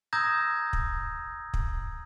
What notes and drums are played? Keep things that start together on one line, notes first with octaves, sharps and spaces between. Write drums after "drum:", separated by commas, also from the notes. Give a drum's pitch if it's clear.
A#5 D#6 E6 G6 G#6 A#6
drum: kick
drum: kick